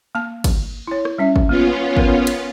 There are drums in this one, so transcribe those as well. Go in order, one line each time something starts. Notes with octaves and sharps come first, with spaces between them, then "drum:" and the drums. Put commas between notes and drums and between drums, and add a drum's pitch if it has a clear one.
A#3 A5
drum: kick, cymbal
E4 C#5
drum: rim click
G3 C#4 E5
drum: kick
A#3 B3 C#4 F4
A#4 B4, drum: kick
drum: cymbal